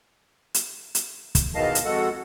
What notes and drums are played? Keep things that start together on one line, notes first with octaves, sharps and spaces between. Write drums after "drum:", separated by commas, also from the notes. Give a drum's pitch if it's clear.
drum: hi-hat
drum: hi-hat
drum: kick, hi-hat
E2 B2 D#3 D#5 F5 A5
drum: hi-hat
F2 G#3 F#4 A4 F#5